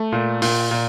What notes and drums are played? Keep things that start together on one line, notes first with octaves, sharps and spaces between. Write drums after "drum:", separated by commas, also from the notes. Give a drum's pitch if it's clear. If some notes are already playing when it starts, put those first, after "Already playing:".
Already playing: A3
A#2
A#2, drum: open hi-hat
A#2